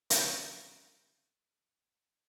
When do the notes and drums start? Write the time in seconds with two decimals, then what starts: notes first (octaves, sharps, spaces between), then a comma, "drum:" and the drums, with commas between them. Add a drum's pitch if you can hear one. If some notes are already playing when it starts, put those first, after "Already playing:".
0.10 A#4 C#6 F#6 G6 A6, drum: hi-hat